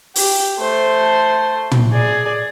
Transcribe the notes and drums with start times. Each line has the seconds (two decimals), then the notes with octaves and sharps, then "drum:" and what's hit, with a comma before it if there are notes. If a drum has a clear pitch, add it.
0.16 G4, drum: open hi-hat
0.59 A3 C5
1.71 drum: tom
1.92 G#4 D5